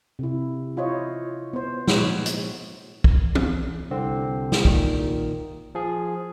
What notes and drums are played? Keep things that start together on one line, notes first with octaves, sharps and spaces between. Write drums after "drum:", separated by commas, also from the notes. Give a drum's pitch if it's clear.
C3 E4
E4 F4 C5 C#5 D#5
B3 C5
A#2 F3 G#3 D#4 C#5 F#5, drum: snare
drum: hi-hat
drum: kick
drum: tom
C2 D3 C4
drum: snare
A#2 D#3, drum: kick
F3 G#4